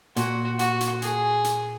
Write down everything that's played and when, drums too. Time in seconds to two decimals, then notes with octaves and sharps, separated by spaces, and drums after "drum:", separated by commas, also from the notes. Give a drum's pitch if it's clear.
0.16 A#2 F#4, drum: hi-hat
0.59 F#4, drum: hi-hat
0.81 drum: hi-hat
1.02 G#4, drum: hi-hat
1.44 drum: hi-hat